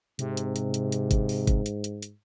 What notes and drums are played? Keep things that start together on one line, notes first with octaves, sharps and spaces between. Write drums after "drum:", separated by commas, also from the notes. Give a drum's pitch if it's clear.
G#2 C3, drum: hi-hat
drum: hi-hat
drum: hi-hat
drum: hi-hat
drum: hi-hat
drum: kick G1, hi-hat
drum: open hi-hat
drum: kick G1, hi-hat
drum: hi-hat
drum: hi-hat
drum: hi-hat